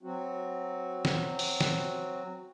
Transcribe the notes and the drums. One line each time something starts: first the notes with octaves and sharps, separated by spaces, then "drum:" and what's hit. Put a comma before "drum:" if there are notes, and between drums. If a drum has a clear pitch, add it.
F#3 C4 F#4
drum: snare
drum: open hi-hat
drum: snare